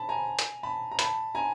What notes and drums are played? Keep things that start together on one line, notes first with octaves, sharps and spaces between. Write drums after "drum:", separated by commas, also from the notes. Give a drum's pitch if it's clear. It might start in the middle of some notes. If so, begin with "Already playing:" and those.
Already playing: A5 B5
G#5 A#5
drum: hi-hat
A5 B5
A#5
A5 B5, drum: hi-hat
G#5 A#5